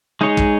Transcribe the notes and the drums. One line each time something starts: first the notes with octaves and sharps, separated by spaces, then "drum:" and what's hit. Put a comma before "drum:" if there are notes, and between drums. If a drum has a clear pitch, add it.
G#3 D#4 G#4 C#5
drum: kick